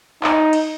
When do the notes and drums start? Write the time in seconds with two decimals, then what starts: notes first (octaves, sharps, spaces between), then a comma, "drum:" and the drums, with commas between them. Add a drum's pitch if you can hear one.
0.24 D#4, drum: clap
0.53 drum: cymbal